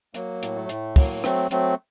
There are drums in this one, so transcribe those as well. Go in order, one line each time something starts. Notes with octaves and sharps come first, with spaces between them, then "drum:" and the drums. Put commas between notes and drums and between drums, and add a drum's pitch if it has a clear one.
F#3 A#3, drum: hi-hat
A2, drum: hi-hat
A3
A2, drum: hi-hat
F#3 A#3, drum: kick, open hi-hat
F#3 A3 C4, drum: rim click
F#3 A3 C4, drum: hi-hat